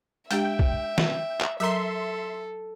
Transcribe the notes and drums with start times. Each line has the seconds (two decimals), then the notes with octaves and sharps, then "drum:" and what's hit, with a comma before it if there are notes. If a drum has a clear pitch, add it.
0.31 G#3 D4 G4 E5 G5, drum: hi-hat
0.59 drum: kick
0.98 drum: snare
1.41 drum: clap
1.60 F#3 A4 A#4 E5 A#5 C6